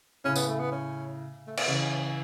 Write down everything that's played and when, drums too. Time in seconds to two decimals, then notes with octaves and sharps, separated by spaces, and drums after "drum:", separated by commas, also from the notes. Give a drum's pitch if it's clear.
0.24 A2 C#3 C#4
0.36 B3, drum: tambourine
0.48 A3
0.59 B3
0.72 C#4
1.47 A3
1.57 B3, drum: cymbal
1.67 C#3 E3 C#4